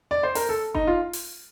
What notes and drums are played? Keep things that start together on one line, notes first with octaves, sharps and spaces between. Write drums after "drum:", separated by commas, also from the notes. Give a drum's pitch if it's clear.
D5
C5
A#4, drum: open hi-hat
A4
D#4, drum: kick F#1
F4
drum: open hi-hat